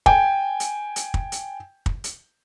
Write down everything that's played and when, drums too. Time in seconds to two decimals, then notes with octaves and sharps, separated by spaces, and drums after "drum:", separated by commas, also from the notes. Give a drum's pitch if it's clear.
0.06 G5 G#5, drum: kick
0.60 drum: hi-hat
0.96 drum: hi-hat
1.14 drum: kick
1.32 drum: hi-hat
1.86 drum: kick
2.04 drum: hi-hat